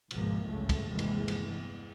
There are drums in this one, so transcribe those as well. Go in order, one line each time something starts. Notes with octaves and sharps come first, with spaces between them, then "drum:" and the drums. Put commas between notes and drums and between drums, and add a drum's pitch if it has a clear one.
G#1 C#2 G#2 B2 F3 A#3, drum: cymbal
G1 C#2 F#2 A2 C#3 A3
drum: kick, cymbal
G1 D#2 C3 E3 G#3 A3
drum: cymbal
drum: cymbal
E2